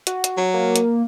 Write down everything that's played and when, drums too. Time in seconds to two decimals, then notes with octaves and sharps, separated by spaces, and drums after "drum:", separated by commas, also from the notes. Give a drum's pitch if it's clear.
0.07 F#4, drum: hi-hat
0.24 drum: hi-hat
0.38 F#3
0.54 A#3
0.76 drum: hi-hat